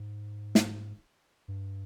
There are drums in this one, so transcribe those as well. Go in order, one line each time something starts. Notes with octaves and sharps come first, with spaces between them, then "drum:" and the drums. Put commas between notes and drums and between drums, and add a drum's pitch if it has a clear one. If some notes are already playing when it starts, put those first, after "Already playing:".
Already playing: G#2
drum: snare
G2